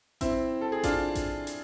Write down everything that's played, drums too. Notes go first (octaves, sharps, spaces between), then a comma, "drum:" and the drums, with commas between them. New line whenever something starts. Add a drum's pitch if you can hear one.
C4 E4, drum: kick A1, hi-hat
A4
G#4
D4 F4, drum: kick A1, hi-hat
drum: kick A1, hi-hat
drum: hi-hat